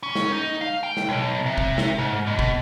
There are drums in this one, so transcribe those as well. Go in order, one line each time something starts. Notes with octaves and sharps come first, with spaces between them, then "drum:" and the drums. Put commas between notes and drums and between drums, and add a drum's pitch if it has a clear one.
C#4
drum: snare
D#4
F5
G5
drum: snare
B1
C3
drum: kick
drum: snare
G#2
B2
drum: kick